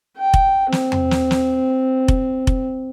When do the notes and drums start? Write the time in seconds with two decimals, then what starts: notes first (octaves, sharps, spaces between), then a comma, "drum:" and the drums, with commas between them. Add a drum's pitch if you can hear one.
0.18 G5
0.34 drum: kick F1
0.72 C4, drum: snare
0.92 drum: tom E2
1.11 drum: snare
1.31 drum: snare
2.08 drum: kick F1
2.47 drum: kick F1